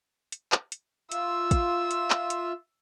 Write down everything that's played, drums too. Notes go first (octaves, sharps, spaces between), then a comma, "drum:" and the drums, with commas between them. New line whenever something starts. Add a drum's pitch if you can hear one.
drum: hi-hat
drum: clap
drum: hi-hat
F4 E5 E6, drum: hi-hat
drum: kick, hi-hat
drum: hi-hat
drum: clap
drum: hi-hat